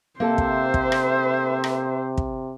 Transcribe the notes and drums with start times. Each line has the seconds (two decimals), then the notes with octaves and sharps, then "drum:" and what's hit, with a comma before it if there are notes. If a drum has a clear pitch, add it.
0.20 C3 A#3 A4 C5 E5 A5
0.38 drum: kick
0.74 drum: kick
0.92 drum: rim click
1.64 drum: rim click
2.18 drum: kick